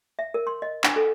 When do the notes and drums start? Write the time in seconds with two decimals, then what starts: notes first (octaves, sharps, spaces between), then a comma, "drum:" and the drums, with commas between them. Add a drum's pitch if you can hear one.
0.19 E5
0.34 A#4
0.47 C6
0.62 D#5
0.84 D4, drum: clap
0.96 A4